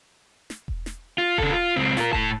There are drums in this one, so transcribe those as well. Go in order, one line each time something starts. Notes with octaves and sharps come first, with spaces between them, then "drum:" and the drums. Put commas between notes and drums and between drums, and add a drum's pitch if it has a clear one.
drum: snare
drum: kick E1
drum: snare
F4
C#3 A4, drum: kick E1
F4
C#2 C4
F4 A#4, drum: snare
A2 A5, drum: kick E1